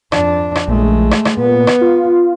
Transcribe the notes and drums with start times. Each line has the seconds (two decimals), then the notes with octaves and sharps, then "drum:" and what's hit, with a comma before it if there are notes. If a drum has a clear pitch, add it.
0.12 F2 D4, drum: rim click
0.55 drum: rim click
0.68 A#1 G#3 A3
1.11 drum: rim click
1.25 drum: rim click
1.37 A#2 B3
1.67 drum: rim click
1.81 F4